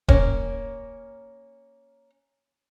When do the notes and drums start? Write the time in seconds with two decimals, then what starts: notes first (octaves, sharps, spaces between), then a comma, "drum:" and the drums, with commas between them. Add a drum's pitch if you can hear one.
0.08 A#3 C#4, drum: kick D#1